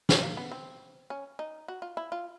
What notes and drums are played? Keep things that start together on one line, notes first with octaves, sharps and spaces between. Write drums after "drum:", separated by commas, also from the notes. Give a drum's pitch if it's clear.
A3, drum: snare
A#3
B3
C4
C#4
D#4
F#4
F4
E4
F4